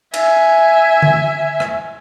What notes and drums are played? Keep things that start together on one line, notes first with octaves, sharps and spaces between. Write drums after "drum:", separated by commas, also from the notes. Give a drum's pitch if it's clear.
E5 G#5, drum: cymbal
drum: tom D3
drum: rim click